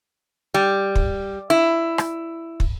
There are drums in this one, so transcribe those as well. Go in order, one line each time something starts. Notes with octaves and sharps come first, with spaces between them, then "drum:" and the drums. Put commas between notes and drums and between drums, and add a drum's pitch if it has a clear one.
G3
drum: kick
E4
drum: rim click
drum: kick